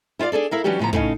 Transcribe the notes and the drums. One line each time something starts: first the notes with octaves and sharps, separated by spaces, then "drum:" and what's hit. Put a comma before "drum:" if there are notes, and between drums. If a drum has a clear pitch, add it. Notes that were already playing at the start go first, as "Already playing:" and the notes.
E4 F4 C5 D5 F5
D4 G#4 A4 D5
E4 A#4 F5
E3 F#3 C#4 D4 F#4 G4
A2 C#3 F3 B3 A#5
A2 C#3 C#4 D#4, drum: kick